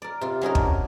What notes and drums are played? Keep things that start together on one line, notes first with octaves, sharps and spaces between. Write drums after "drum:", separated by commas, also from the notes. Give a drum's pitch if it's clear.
A#4 D5
C3 F4
F#3 C#4 D#4 A#4
D4, drum: kick